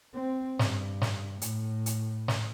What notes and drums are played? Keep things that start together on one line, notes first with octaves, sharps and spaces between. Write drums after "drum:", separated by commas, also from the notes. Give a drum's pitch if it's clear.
C4
G2, drum: snare
drum: snare
A2, drum: hi-hat
drum: hi-hat
drum: snare